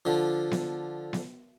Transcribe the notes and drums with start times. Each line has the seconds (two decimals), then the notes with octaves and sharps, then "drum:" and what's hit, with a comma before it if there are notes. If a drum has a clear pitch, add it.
0.05 D3 F3
0.51 drum: snare B3
1.13 drum: snare B3